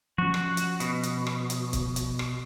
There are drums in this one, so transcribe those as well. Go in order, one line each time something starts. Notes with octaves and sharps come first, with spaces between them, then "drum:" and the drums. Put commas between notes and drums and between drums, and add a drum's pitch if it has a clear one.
F3 C#4 F#4
drum: rim click
drum: hi-hat
B2, drum: hi-hat
drum: hi-hat
drum: rim click
drum: hi-hat
drum: kick C#1, hi-hat
drum: hi-hat
drum: rim click